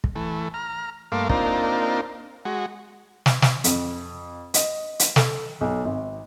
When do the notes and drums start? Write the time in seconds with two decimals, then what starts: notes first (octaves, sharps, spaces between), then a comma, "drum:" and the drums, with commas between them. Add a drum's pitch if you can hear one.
0.04 drum: kick
0.16 E3 A3
0.54 A#5 F6
1.12 G2 A3 A#3 F5 C6 D6
1.29 A#3 C4 D4 D#4 F4 A#4, drum: kick
2.45 G#3 F#4
3.26 drum: snare
3.42 drum: snare
3.64 F2, drum: hi-hat
4.54 D#5, drum: hi-hat
4.99 drum: hi-hat
5.16 A4, drum: snare
5.61 B1
5.85 G#1